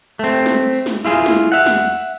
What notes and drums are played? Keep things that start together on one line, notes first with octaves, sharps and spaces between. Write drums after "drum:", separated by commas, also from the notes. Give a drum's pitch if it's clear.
A3 C4, drum: cymbal
drum: snare
drum: cymbal
drum: snare
E4 F4 G#4
drum: snare
E5 F#5, drum: cymbal
drum: snare
drum: cymbal